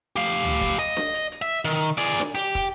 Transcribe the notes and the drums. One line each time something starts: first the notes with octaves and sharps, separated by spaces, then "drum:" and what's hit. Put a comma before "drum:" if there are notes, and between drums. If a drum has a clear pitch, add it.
G4 F5
drum: hi-hat
drum: tom C#2
drum: kick, hi-hat
D#5, drum: hi-hat
drum: snare D4
drum: hi-hat
drum: hi-hat
E5
D#3, drum: hi-hat
G#4 D5
drum: snare D4
G4, drum: hi-hat
drum: kick